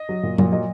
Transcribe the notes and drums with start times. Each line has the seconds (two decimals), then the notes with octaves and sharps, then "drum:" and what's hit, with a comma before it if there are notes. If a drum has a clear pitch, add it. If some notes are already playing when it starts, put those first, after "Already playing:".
Already playing: D#5
0.09 F#3
0.23 A#2
0.38 A#2, drum: tom F3
0.52 F#3 D#5